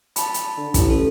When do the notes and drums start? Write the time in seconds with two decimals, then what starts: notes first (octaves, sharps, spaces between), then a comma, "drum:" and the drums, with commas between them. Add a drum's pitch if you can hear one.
0.16 A5 B5, drum: hi-hat
0.34 drum: hi-hat
0.58 D3
0.74 A1, drum: kick, hi-hat
0.90 A4